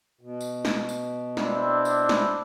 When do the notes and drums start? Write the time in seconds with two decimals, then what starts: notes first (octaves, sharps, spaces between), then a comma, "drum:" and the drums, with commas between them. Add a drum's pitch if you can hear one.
0.21 B2
0.41 drum: tambourine
0.65 drum: snare
0.89 drum: tambourine
1.37 C4 D4 E4, drum: snare
1.85 drum: tambourine
2.09 drum: snare